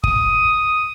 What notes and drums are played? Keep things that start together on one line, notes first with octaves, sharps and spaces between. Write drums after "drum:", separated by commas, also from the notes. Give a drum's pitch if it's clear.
D#6, drum: kick G1